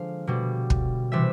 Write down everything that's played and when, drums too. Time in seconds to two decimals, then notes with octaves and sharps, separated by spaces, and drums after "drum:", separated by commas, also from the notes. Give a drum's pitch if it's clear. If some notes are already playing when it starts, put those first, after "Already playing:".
Already playing: D3 F3 G#3 F5
0.27 B2 G3
0.70 drum: kick
1.12 C3 E3 G3 E5